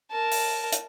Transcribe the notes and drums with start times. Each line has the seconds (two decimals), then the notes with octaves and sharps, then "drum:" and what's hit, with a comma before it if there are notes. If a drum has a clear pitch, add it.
0.11 A#4 A5
0.31 drum: open hi-hat
0.72 drum: hi-hat